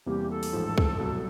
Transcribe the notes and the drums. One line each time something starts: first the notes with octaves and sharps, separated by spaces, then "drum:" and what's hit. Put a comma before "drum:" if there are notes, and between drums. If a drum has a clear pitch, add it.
E2 C3 E3 G3 A#3 G4
A4
drum: open hi-hat
A1 G#2 F3
drum: kick
C2 B2 F#3